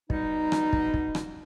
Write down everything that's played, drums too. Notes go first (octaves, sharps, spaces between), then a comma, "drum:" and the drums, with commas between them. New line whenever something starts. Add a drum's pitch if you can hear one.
B2 G3 D#4, drum: kick
drum: rim click
drum: kick
drum: kick
drum: rim click